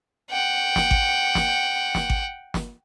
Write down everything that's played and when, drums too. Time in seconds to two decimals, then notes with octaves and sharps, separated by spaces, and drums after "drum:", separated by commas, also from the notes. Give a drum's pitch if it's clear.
0.31 F#5 G5
0.76 drum: snare
0.91 drum: kick G#1
1.35 drum: snare
1.95 drum: snare
2.10 drum: kick G#1
2.54 drum: snare